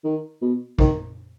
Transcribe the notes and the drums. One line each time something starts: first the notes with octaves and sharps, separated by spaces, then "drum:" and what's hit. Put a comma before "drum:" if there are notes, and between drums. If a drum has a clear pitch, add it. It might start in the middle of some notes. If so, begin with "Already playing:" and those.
D#3
B2
D#3, drum: kick A1